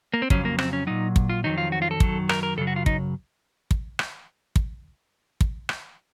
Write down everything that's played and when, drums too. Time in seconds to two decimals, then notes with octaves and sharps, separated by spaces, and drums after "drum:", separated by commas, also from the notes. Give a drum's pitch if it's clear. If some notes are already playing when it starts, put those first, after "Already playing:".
0.14 A#3
0.22 C4
0.30 F2 C#3 F#3 C#4, drum: kick
0.45 A#3
0.58 C4, drum: rim click
0.73 C#4
0.87 A#2 F#3 D#4
1.16 drum: kick
1.29 F4
1.44 F2 D#3 F#3 D#4
1.58 F4
1.72 F#4
1.82 F4
1.91 A4
2.00 F#2 D#3 F#3, drum: kick
2.29 A#4, drum: rim click
2.43 A#4
2.57 F#2 C#3 F#3 A4
2.67 F#4
2.76 F4
2.86 D#4, drum: kick
3.71 drum: kick
3.99 drum: rim click
4.56 drum: kick
5.41 drum: kick
5.69 drum: rim click